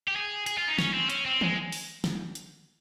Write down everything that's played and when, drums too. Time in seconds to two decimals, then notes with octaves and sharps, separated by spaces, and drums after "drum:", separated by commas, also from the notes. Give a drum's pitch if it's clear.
0.08 G4
0.16 G#4
0.46 G#4, drum: hi-hat
0.58 F4
0.68 D#4
0.79 C#4, drum: snare
0.94 C4
1.10 C#4, drum: hi-hat
1.25 C4
1.41 G#3, drum: tom D#3
1.72 drum: open hi-hat
2.04 drum: snare
2.35 drum: hi-hat